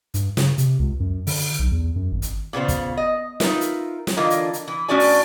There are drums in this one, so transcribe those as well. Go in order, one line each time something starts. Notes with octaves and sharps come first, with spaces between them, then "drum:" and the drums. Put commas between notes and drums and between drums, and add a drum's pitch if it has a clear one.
G2, drum: hi-hat
C#3, drum: snare
C3, drum: hi-hat
C#2
F#2
D3, drum: open hi-hat
B1
E2
F#2
G#1
drum: hi-hat
A#2 C#3 B3 C5
drum: kick, hi-hat
D#5
D#4 F4 A#4 B4 E5, drum: snare
drum: hi-hat
drum: snare
D3 E3 F4 A#4 D#5
drum: hi-hat
drum: hi-hat
E3
A2 C#4 D4 F#4 D5 G#5
drum: open hi-hat